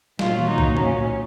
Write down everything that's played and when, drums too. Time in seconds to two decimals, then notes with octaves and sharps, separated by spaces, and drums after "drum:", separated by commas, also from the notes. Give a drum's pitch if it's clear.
0.19 A#2 F#3 F4, drum: snare
0.39 drum: tom D#3
0.49 D#4
0.58 drum: kick B1
0.77 C#4, drum: tom A2